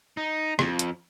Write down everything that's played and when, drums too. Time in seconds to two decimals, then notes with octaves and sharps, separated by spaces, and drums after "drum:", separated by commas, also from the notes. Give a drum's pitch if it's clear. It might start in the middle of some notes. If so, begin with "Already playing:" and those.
0.17 D#4
0.59 F2, drum: rim click
0.79 drum: hi-hat